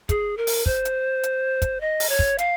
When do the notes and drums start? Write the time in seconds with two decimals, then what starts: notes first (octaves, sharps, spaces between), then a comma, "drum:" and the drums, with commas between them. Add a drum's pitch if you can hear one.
0.09 G#4, drum: kick, hi-hat
0.37 A#4
0.47 drum: open hi-hat
0.66 C5, drum: kick
0.85 drum: hi-hat
1.23 drum: hi-hat
1.62 drum: kick, hi-hat
1.81 D#5
2.00 drum: open hi-hat
2.09 C#5
2.19 drum: kick
2.38 F5, drum: hi-hat